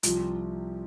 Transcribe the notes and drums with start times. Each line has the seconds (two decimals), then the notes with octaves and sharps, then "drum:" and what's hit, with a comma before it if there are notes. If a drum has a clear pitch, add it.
0.03 C2 C3 F3 F4, drum: hi-hat